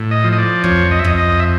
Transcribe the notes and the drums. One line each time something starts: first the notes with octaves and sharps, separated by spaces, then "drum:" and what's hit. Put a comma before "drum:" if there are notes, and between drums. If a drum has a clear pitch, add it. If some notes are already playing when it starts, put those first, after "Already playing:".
Already playing: A2
D#5
F3
D#5
D5
F2 C#5, drum: kick
D#5
E5
F2 D#5, drum: kick
D#5
E5